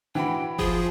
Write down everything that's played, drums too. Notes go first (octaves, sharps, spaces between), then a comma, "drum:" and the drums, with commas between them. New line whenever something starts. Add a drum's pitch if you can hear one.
E3 F#4 G5 B5
F3 F4 G#4, drum: kick F#1